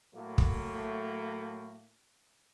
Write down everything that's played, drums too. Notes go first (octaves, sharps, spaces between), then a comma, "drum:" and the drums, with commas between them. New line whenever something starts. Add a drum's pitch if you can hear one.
A2 F#3 A3 A#3
drum: kick